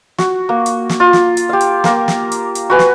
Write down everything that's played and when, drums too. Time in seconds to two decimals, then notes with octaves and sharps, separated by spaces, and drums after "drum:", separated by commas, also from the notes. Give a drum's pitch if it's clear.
0.18 F#4, drum: snare
0.49 A#3
0.66 drum: hi-hat
0.90 drum: snare
1.00 F4
1.13 drum: snare
1.37 drum: hi-hat
1.49 G4 F5
1.61 drum: hi-hat
1.84 A#3 A#4, drum: snare
2.08 drum: snare
2.32 drum: hi-hat
2.55 drum: hi-hat
2.70 F#4 B4 G#5
2.79 drum: snare